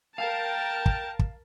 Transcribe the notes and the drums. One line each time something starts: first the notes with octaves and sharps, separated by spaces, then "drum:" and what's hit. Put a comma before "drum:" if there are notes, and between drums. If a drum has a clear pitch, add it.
A#4 F5 G5 A5
drum: kick
drum: kick